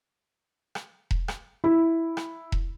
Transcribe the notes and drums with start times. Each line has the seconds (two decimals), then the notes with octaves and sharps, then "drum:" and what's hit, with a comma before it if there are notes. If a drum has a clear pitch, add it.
0.75 drum: rim click
1.11 drum: kick E1
1.28 drum: rim click
1.64 E4
2.17 drum: rim click
2.52 drum: kick E1